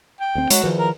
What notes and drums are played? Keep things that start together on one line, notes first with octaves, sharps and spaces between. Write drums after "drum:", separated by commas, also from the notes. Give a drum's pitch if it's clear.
G5
D2 C4
F#3 G#3 F#4, drum: hi-hat
E2 D#3 F3
A#4